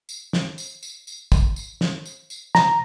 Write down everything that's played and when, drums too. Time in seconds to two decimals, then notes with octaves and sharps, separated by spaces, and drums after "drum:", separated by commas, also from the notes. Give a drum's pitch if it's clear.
0.09 drum: tambourine
0.33 drum: snare
0.58 drum: tambourine
0.83 drum: tambourine
1.07 drum: tambourine
1.32 drum: kick, tambourine
1.56 drum: tambourine
1.81 drum: snare
2.05 drum: tambourine
2.30 drum: tambourine
2.55 A#5, drum: snare